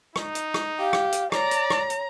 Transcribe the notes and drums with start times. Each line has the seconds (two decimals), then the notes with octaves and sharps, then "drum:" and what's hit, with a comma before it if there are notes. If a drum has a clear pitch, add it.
0.16 D#4, drum: rim click
0.35 drum: hi-hat
0.54 drum: rim click
0.79 G4 F5
0.93 drum: rim click
1.12 drum: hi-hat
1.32 C#5 D5 A#5, drum: rim click
1.51 drum: hi-hat
1.70 drum: rim click
1.90 drum: hi-hat